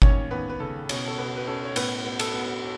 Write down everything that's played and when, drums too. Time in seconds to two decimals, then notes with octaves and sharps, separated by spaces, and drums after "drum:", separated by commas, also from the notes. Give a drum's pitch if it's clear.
0.02 D#2 C#4 C#5, drum: kick G1
0.31 D#2 B3 B4
0.49 B4
0.60 C#3 A4
0.89 B2 C#4 C#5, drum: cymbal
1.07 A4
1.18 B2 B3 B4
1.37 B4
1.47 C#4 A4
1.65 C#5
1.76 A2 B3 B4, drum: cymbal
2.05 B3
2.19 A4, drum: cymbal
2.34 B3